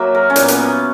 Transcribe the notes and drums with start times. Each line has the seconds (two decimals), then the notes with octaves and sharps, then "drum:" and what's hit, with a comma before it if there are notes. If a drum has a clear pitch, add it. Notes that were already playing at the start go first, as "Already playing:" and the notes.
Already playing: F#3 A#3 E5
0.15 A#4
0.30 C#4
0.36 A#2 A#3 B3, drum: hi-hat
0.48 A#3, drum: hi-hat
0.58 B3